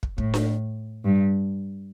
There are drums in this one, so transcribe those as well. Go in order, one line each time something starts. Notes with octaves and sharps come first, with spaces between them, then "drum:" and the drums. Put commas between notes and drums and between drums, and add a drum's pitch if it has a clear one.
drum: kick
A2, drum: kick
drum: snare D4
G2